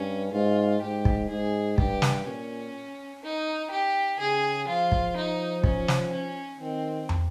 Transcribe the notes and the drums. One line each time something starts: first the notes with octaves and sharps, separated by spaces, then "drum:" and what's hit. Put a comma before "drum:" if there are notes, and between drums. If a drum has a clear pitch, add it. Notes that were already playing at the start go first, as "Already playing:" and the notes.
Already playing: G2 C#4
G#2 F4
G#2 G4
drum: kick
G#2 G#4
G2 G4, drum: kick
drum: snare
A#2 C#4
D#4
G4
C#3 G#4
F3 F4
drum: kick
D#4
C#4, drum: kick
drum: snare
C#4
D#3 C4
drum: tom